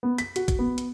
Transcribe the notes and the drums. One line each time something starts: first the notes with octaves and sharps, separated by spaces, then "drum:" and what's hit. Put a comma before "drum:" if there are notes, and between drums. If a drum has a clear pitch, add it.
B3
B6, drum: hi-hat
F#4, drum: hi-hat
drum: kick, hi-hat
B3
drum: hi-hat